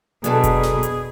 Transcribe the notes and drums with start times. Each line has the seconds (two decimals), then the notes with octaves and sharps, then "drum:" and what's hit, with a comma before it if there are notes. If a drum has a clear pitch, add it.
0.24 B2 F#3 D4 G#4 A4, drum: hi-hat
0.44 drum: kick F1, hi-hat
0.63 drum: snare
0.83 drum: hi-hat